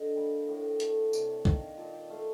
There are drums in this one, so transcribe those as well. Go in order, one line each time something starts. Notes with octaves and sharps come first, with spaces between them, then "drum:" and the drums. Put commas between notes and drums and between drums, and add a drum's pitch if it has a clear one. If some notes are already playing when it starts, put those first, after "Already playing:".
Already playing: D3 D#5
G3 A#3
A2
A3, drum: hi-hat
C3 D5, drum: tambourine
D#3 A#3, drum: kick C2
A#2 A5
G5
A3 F5